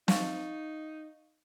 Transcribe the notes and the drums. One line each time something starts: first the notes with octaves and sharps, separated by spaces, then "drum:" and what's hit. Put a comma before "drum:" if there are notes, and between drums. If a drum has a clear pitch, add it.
D#4 F5 C#6 A6, drum: snare